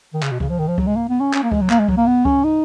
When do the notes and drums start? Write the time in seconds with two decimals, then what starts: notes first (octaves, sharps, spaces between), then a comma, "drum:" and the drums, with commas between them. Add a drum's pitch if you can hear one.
0.14 D#3
0.23 C#3, drum: clap
0.31 B2
0.40 C#3, drum: kick C#2
0.49 F3
0.59 D#3
0.68 F3
0.78 F#3, drum: kick C#2
0.87 G#3
0.96 A#3
1.09 B3
1.20 C#4
1.34 C#4, drum: clap
1.43 A#3
1.52 G#3, drum: kick C#2
1.61 F#3
1.70 A#3, drum: clap
1.79 G#3
1.89 F#3, drum: kick C#2
1.97 A#3
2.07 B3
2.25 C#4, drum: kick C#2
2.44 D#4